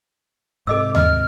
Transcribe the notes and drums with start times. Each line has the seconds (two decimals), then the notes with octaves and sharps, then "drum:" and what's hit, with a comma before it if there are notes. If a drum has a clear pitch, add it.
0.67 G#2 C3 A4 D#5 D6 E6
0.95 D#5 F6, drum: tom D#2